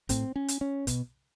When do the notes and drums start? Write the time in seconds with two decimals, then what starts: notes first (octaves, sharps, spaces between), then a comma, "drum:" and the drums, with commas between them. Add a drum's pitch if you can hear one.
0.09 A2 C4, drum: kick, hi-hat
0.36 C#4
0.48 drum: hi-hat
0.61 C#4
0.87 B2, drum: kick, hi-hat